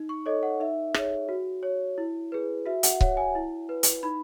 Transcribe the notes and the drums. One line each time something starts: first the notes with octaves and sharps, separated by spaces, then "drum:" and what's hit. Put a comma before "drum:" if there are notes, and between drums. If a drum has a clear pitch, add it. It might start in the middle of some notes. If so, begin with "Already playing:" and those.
Already playing: D#4
C#6
A4 C#5 D#5
F#5
D#4 E5
G#4 C#5, drum: rim click
F#4
C#5
E4
G#4 B4
F#4 E5
F#5, drum: hi-hat
C#5 F#5, drum: kick C#1
G#5
E4
B4
drum: hi-hat
D#4 B5